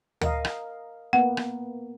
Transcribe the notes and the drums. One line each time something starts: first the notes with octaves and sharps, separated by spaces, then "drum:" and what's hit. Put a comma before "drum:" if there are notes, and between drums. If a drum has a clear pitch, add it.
A#4 D#5 F5, drum: tom D2
drum: rim click
A#3 B3 F#5
drum: rim click